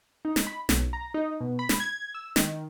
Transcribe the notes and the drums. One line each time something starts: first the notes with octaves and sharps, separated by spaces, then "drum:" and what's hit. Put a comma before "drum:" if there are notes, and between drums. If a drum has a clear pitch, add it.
D#4
drum: snare
B5
B1, drum: snare
A#5
D#4
B2
B5
drum: snare
G#6
E6
D#3, drum: snare